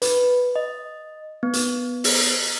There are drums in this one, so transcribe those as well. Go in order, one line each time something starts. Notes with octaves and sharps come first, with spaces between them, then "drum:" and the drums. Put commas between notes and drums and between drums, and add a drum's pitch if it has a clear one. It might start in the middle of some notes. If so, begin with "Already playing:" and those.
B4, drum: hi-hat
D#5
B3
drum: hi-hat
drum: open hi-hat